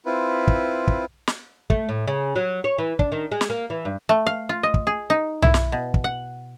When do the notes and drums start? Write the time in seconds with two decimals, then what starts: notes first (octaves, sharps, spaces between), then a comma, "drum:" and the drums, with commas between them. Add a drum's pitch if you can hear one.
0.06 C4 E4 F4 B4
0.48 drum: kick
0.87 drum: kick
1.27 drum: snare
1.70 A3, drum: kick
1.89 A2
2.07 C#3
2.36 F#3
2.64 C#5
2.78 E3
2.99 D4, drum: kick
3.12 D#3
3.32 G#3
3.41 drum: snare
3.50 A#3
3.70 E3
3.85 G2
4.09 A3
4.26 F5
4.49 F4
4.63 D#5
4.74 drum: kick
4.87 G#4
5.10 D#4
5.42 E4, drum: tom
5.54 drum: snare
5.72 B2
5.94 drum: kick
6.04 F#5